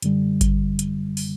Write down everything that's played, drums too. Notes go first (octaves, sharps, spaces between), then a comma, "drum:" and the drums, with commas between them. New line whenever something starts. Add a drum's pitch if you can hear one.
F#2 D3 G3, drum: hi-hat
drum: kick G#1, hi-hat
drum: hi-hat
drum: open hi-hat